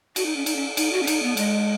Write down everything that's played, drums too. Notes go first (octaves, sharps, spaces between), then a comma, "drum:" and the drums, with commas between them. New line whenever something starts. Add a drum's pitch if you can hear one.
F#4, drum: cymbal
D#4
C#4
D#4, drum: cymbal
C#4
D#4, drum: cymbal
F#4
C#4
D#4, drum: cymbal
B3
G#3, drum: cymbal